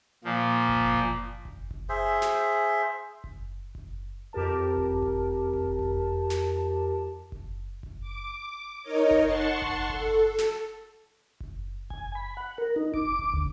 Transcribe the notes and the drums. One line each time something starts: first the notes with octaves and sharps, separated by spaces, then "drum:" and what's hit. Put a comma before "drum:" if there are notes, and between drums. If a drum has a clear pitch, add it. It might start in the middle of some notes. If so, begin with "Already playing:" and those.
A#2 F3
drum: kick F#1
drum: kick F#1
drum: kick F#1
drum: kick F#1
G#4 C5 E5
drum: snare
drum: kick F#1
drum: kick F#1
F2 G4 A#4 A5
drum: kick F#1
drum: kick F#1
drum: kick F#1
drum: kick F#1
drum: snare
drum: kick F#1
drum: kick F#1
D6
D#4 A#4 C#5 D#5
drum: kick F#1
F#5 A5 C6 C#6
drum: kick F#1
A4, drum: kick F#1
drum: snare
drum: kick F#1
G#5, drum: kick F#1
B5
F#5
A#4
D#4
D6, drum: kick F#1
drum: kick F#1
D2